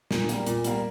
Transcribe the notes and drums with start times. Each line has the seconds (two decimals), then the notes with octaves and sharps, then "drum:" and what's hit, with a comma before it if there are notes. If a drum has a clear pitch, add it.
0.11 A#2, drum: snare
0.29 G3 A#3, drum: hi-hat
0.46 A#2, drum: hi-hat
0.64 G3 A#3, drum: hi-hat